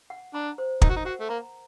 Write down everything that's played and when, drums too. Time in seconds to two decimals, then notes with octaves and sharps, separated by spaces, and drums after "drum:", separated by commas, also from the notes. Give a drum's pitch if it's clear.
0.10 F#5
0.35 D4 A#5
0.58 C5
0.82 D#4 A#4, drum: kick
0.90 F#4
0.97 D#4
1.05 F#4 F#5
1.20 A3
1.29 A#3 A#5